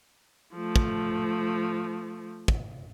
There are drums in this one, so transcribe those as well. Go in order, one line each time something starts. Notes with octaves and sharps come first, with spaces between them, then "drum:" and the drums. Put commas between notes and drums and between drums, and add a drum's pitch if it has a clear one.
F3 A3
drum: kick
drum: kick